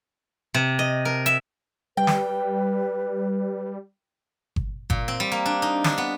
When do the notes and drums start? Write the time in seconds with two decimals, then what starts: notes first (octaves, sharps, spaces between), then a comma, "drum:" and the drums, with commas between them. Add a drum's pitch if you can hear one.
0.54 C3
0.79 D#5
1.05 A#4
1.26 E5, drum: hi-hat
1.97 G3 B4 G5
2.07 drum: snare
4.56 drum: kick G1
4.90 A#2, drum: kick G1
5.08 C4
5.20 G3
5.32 A#3
5.46 D4
5.62 D#4
5.84 D4, drum: snare
5.98 B3